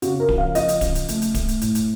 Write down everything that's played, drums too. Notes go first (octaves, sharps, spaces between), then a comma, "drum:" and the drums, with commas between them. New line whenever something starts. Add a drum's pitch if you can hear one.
C#3 F#4, drum: hi-hat
A#4
F3, drum: kick D1
F5
F3 D#5, drum: hi-hat
drum: hi-hat
C#3, drum: kick D1, hi-hat
drum: hi-hat
A3, drum: hi-hat
drum: hi-hat
A3, drum: kick D1, hi-hat
drum: hi-hat
A2, drum: hi-hat
drum: hi-hat